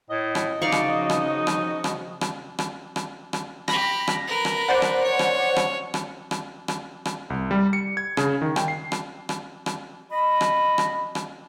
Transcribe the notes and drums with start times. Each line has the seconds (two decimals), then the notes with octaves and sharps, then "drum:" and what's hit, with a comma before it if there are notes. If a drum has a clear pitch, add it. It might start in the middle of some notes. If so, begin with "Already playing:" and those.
0.10 A2 D#5
0.35 drum: rim click
0.62 C#3 F3 D#4 F#4 D5 F5 C#6
0.72 drum: rim click
1.10 drum: rim click
1.47 drum: rim click
1.84 drum: rim click
2.21 drum: rim click
2.59 drum: rim click
2.96 drum: rim click
3.33 drum: rim click
3.68 G4 B5 A#6, drum: rim click
4.07 drum: rim click
4.27 A#4 B4
4.45 drum: rim click
4.69 C5 D5 F#5
4.82 drum: rim click
5.03 C#5
5.19 drum: rim click
5.56 drum: rim click
5.94 drum: rim click
6.31 drum: rim click
6.68 drum: rim click
7.05 drum: rim click
7.30 C2
7.51 G3
7.73 C#7
7.97 G#6
8.17 C#3, drum: rim click
8.42 D#3
8.56 G5, drum: rim click
8.68 C7
8.92 drum: rim click
9.29 drum: rim click
9.66 drum: rim click
10.11 D#5 B5
10.41 drum: rim click
10.78 drum: rim click
11.15 drum: rim click